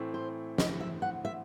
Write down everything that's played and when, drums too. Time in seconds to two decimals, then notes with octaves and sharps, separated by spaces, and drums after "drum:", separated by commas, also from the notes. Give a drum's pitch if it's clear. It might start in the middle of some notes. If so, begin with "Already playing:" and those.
Already playing: A2 E3 A3 C4
0.14 C5
0.58 D#5, drum: snare
0.80 E5
1.02 F#5
1.25 E5